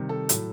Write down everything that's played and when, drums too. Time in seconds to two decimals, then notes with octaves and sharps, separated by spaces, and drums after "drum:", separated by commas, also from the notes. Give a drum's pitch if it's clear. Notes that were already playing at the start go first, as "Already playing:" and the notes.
Already playing: C3 D#3 G3
0.09 A4
0.29 A2 F#3, drum: hi-hat